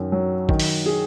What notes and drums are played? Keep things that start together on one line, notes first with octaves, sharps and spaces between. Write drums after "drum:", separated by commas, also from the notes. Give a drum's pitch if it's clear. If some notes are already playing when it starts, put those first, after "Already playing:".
Already playing: F#2 D#3 F#3
F#3
D#3, drum: kick
drum: open hi-hat
G#4